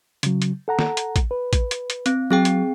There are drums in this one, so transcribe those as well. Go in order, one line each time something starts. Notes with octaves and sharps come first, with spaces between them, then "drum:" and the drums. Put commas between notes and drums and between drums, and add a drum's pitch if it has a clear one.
C#3 F#3, drum: hi-hat
drum: hi-hat
A4 F#5 A#5
drum: snare
drum: hi-hat
drum: kick, hi-hat
B4
drum: kick, hi-hat
drum: hi-hat
drum: hi-hat
C4, drum: hi-hat
F#3 C4 G#4 G5
drum: hi-hat